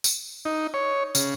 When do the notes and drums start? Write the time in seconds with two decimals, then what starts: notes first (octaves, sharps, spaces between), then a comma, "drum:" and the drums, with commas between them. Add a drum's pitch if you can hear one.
0.04 drum: tambourine
0.45 D#4
0.74 C#5
1.15 C#3, drum: tambourine